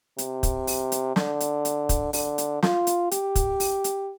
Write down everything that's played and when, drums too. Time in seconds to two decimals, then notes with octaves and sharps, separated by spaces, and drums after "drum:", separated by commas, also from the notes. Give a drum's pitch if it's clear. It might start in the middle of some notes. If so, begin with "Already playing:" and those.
0.18 C3, drum: hi-hat
0.43 drum: kick, hi-hat
0.67 drum: open hi-hat
0.92 drum: hi-hat
1.16 D3, drum: snare
1.40 drum: hi-hat
1.65 drum: hi-hat
1.89 drum: kick, hi-hat
2.13 D3, drum: open hi-hat
2.38 drum: hi-hat
2.63 F4, drum: snare
2.87 drum: hi-hat
3.11 G4, drum: hi-hat
3.35 drum: kick, hi-hat
3.60 drum: open hi-hat
3.84 drum: hi-hat